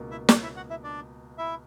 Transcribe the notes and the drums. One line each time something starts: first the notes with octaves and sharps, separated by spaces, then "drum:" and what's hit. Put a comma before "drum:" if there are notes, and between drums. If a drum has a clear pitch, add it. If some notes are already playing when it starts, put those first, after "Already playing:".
Already playing: C#2 B2 A#3
E4 E5
D4 D5, drum: snare
E4 E5
F#4 F#5
E4 E5
D4 D5
E4 E5